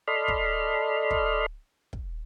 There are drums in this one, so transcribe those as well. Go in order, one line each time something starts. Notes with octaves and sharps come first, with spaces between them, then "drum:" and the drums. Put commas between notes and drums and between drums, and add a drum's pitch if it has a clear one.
A4 D5 D#5 B5 C6 F6
drum: kick
drum: kick
drum: kick